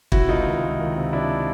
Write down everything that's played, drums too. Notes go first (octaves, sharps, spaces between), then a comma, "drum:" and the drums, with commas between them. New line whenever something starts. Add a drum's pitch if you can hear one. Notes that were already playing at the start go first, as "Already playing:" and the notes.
C3 E4 F#4, drum: kick
C#2 D#4 F4
D#3
C#2
D#3
C3
C3 D4 E4